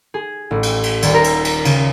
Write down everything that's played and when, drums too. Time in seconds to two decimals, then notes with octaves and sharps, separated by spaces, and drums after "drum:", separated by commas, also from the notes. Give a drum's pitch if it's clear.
0.14 G#4
0.51 A1
0.63 drum: cymbal
0.83 drum: cymbal
1.02 D#1, drum: cymbal
1.14 A#4
1.24 drum: cymbal
1.45 drum: cymbal
1.65 C#3, drum: cymbal